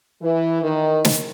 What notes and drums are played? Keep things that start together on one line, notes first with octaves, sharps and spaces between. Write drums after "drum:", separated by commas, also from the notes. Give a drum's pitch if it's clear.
E3
D#3
drum: snare